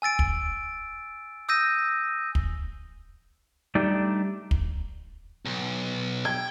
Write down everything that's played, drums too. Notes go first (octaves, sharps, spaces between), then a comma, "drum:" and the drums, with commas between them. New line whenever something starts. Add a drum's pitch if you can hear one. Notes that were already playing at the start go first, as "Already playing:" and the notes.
G#5 E6 A6 D7
drum: kick
D#6 E6 G6 A#6 D#7
drum: kick
G3 A3 D4 D#4 G4
drum: kick
B1
G5 G#6